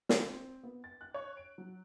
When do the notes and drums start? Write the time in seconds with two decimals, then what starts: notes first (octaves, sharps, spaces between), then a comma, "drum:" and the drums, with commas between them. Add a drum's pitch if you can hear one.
0.09 G5, drum: snare
0.26 C4
0.63 B3
0.84 A6
1.01 F#6
1.14 C#5
1.37 D7
1.58 F#3